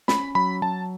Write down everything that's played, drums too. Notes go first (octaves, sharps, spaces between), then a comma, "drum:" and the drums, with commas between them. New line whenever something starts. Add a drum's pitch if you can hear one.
C#4 B5, drum: snare
F#3 B5
F#3 A5